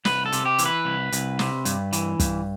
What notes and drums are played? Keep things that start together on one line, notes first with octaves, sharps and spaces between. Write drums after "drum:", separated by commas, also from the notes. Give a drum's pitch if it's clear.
C2 B4, drum: snare
A4
C3, drum: hi-hat
G4
E3, drum: hi-hat
B4
C2
C2, drum: hi-hat
C3, drum: snare
G2, drum: hi-hat
E3, drum: hi-hat
G2, drum: kick, hi-hat